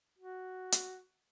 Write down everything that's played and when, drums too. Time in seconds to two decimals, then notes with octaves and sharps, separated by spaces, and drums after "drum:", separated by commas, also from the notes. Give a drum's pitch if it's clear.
0.19 F#4
0.72 drum: hi-hat